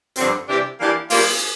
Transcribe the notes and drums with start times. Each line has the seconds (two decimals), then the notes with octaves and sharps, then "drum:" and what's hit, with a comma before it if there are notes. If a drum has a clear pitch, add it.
0.16 G2 D3 F3 C4, drum: hi-hat
0.47 C3 E3 G3 D4 G4
0.79 E3 A#3 D4 G4 D5
1.10 G3 A#3 F4, drum: open hi-hat